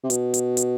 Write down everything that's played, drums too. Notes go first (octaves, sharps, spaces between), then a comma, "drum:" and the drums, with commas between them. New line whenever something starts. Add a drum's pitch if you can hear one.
C3
B2, drum: hi-hat
drum: hi-hat
drum: hi-hat